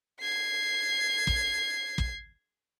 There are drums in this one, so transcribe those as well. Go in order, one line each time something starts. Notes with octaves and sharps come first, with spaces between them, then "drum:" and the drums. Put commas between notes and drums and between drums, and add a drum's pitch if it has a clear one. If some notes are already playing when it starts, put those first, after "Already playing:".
G#6 C7
drum: kick
drum: kick